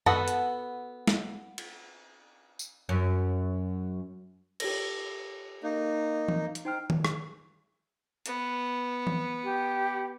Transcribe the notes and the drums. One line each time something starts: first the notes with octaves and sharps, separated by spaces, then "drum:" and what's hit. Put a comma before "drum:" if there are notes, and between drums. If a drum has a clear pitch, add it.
B3 F#4 A4 B4 F#5, drum: tom F#2
drum: hi-hat
drum: snare
drum: cymbal
drum: tambourine
F#2
G4 A4 A#6, drum: cymbal
A#3 D#4
drum: tom E3
drum: hi-hat
D#4 C5 G5 F6
drum: tom D#3
drum: rim click
B3, drum: hi-hat
drum: tom E3
G4